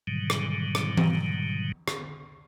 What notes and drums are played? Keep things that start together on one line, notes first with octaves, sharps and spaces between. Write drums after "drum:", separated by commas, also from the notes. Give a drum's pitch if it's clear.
G#2 B2 D3 D#3 F#3 G3
drum: rim click
drum: rim click
drum: tom E3
drum: rim click